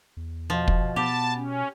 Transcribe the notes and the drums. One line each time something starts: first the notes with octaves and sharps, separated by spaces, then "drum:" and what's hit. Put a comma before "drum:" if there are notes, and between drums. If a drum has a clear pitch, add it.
E2
B2 F3
drum: kick
B2 B3 G4 A5
C#4